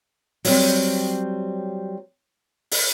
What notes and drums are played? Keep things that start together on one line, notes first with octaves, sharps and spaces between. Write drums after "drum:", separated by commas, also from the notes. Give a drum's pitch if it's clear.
F#3 G3 C4, drum: open hi-hat
drum: open hi-hat